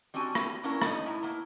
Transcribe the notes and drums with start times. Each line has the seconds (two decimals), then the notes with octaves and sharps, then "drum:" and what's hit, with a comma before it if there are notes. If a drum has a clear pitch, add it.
0.14 G3 C4 D4 F#4 G#5
0.35 drum: rim click
0.63 A#3 B3 C#4 D4 E4 A#4
0.82 A2 C#4 D#4, drum: rim click
1.05 A2 E4 A#5
1.23 A#3 B3 E4